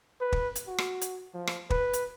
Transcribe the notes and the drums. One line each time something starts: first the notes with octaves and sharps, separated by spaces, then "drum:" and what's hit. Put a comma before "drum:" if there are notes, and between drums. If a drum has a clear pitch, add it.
B4
drum: kick
drum: hi-hat
F#4
drum: rim click
drum: hi-hat
F3
drum: rim click
B4, drum: kick
drum: hi-hat